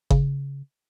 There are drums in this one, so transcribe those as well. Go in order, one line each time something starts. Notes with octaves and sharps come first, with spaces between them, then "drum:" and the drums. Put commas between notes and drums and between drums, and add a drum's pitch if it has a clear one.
C#3, drum: kick G1